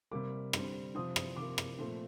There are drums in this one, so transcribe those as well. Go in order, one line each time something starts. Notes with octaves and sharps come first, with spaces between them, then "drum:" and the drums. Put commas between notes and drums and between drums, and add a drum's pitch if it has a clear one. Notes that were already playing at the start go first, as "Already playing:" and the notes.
C3 G3 A#3 D6
D3 G3 C4, drum: rim click
C3 F3 C4 D#6
drum: rim click
C3 F3 A#3 D6
drum: rim click
A#2 F3 A3 C4